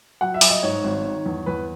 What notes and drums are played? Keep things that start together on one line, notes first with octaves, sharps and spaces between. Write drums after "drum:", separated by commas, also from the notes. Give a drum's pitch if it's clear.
F#3 F#5
E5
F#3, drum: open hi-hat
D#5
G#2 C#5
G#1
D#3
E2
E2 B4